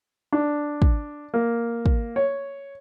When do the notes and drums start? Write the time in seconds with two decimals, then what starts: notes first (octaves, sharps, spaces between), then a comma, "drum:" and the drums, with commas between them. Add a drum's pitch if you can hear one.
0.33 D4
0.82 drum: kick
1.34 A#3
1.86 drum: kick
2.16 C#5